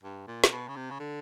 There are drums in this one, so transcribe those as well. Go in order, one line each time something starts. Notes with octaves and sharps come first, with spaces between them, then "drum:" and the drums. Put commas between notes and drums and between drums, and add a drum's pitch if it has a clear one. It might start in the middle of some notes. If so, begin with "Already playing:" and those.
G2
A#2
C3, drum: snare
B2
C#3
C3
C#3
D3